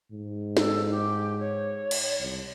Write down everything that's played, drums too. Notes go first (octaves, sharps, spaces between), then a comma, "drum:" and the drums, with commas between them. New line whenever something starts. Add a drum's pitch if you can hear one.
G#2
A4, drum: snare
G4
C#5
drum: cymbal
C2